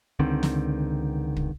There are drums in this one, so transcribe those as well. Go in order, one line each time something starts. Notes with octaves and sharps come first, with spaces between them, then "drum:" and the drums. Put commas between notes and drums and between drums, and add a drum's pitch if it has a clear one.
C#2 D3 D#3 C4
drum: snare
drum: kick